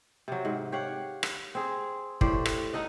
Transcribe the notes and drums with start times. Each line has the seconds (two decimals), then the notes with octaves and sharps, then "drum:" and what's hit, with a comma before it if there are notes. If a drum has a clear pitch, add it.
0.28 C3 F#3
0.45 G#2
0.72 G4 C#5 F5 F#5
1.23 drum: rim click
1.55 C4 G#4
2.21 A2 G4 C5 D5, drum: kick
2.46 drum: rim click
2.73 D#4 A4 D#5 F#5